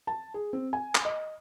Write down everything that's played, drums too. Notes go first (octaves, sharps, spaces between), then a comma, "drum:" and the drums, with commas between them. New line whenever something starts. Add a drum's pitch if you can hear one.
A5
G#4
C4
G#5
drum: clap
D#5